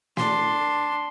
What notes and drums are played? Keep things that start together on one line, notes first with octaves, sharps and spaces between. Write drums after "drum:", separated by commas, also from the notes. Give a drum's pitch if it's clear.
D4 C6, drum: snare